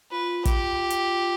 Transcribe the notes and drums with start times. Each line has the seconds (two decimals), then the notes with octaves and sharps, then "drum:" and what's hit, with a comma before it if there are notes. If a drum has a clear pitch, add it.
0.11 F4 B4
0.45 G4, drum: kick, hi-hat
0.90 drum: hi-hat